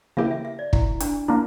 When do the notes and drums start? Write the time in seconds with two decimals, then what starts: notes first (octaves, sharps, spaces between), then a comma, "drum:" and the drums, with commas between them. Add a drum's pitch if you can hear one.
0.17 C#3 E3 A#3 E4 G4 E5
0.31 E5
0.45 E5
0.59 D5
0.73 E4, drum: kick
1.00 D4, drum: hi-hat
1.28 A#3 D4 E4